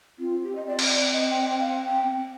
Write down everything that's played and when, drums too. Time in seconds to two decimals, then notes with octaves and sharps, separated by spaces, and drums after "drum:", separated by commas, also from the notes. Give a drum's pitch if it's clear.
0.19 C4 F4
0.43 G4
0.55 D#5
0.67 D5
0.79 drum: cymbal
1.13 D#5
1.30 G5
1.45 G5
1.60 F5
1.84 G5
2.08 C4